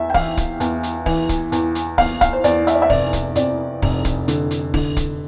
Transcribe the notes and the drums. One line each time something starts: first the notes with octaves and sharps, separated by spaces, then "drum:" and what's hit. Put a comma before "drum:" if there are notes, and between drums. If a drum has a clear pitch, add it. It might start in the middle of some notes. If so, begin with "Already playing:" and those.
Already playing: E2 E3 E5
G5
E3 F5, drum: kick, open hi-hat
drum: kick, hi-hat
E2, drum: hi-hat
drum: hi-hat
E3, drum: kick, open hi-hat
drum: kick, hi-hat
E2, drum: hi-hat
drum: hi-hat
E2 F5, drum: kick, open hi-hat
F5, drum: kick, hi-hat
C5
E2 D5, drum: hi-hat
E5, drum: hi-hat
D5
E5
F1 D5, drum: kick, open hi-hat
drum: kick, hi-hat
F2 D5, drum: hi-hat
F1, drum: kick, open hi-hat
drum: kick, hi-hat
D3, drum: hi-hat
drum: hi-hat
D3, drum: kick, open hi-hat
drum: kick, hi-hat